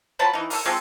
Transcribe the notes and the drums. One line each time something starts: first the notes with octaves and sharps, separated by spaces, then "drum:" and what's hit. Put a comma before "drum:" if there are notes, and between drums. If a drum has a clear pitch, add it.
F3 F#3 A5 B5
E3 D#4
A4 A#4, drum: open hi-hat
G#3 C4 F4 A4